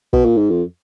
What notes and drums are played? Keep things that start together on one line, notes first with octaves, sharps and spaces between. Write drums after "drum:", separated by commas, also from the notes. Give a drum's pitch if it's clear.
B2, drum: kick
A#2
G#2
F2